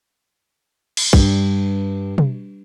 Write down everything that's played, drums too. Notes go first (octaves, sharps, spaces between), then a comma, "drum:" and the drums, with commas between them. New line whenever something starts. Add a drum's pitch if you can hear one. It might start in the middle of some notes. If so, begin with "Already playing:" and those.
drum: cymbal
G2, drum: kick
drum: tom